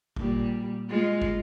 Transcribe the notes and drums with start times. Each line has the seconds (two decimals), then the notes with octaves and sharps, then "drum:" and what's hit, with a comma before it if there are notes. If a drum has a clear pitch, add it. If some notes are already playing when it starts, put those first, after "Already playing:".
0.16 A#2 G3, drum: kick
0.89 G#3 F4
1.22 drum: kick